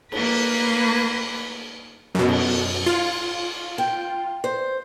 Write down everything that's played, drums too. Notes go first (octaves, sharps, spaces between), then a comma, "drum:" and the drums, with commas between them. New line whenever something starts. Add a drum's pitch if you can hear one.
A#3 B4, drum: cymbal
F#2 B2
drum: cymbal
F4
G5
C5